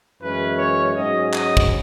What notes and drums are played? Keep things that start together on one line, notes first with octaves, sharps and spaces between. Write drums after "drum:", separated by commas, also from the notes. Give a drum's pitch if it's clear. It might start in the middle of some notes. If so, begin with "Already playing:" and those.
F#2 E3 G#3 C#4 B4
C#5
G#2 F#3 C#4 D#5
D#5, drum: clap
drum: kick